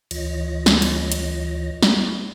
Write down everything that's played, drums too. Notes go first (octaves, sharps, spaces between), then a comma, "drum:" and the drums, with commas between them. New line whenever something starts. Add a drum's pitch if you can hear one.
D2 E3 F4 C#5 D#5 A#6, drum: cymbal
drum: snare
drum: cymbal
drum: hi-hat
drum: snare